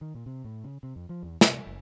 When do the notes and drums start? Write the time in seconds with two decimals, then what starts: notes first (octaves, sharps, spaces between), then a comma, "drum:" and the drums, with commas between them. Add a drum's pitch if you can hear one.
0.01 D#3
0.15 A#2
0.26 C3
0.44 A2
0.64 C#3
0.83 C3
0.96 F2
1.09 F3
1.23 E2
1.41 C3, drum: snare
1.67 F#1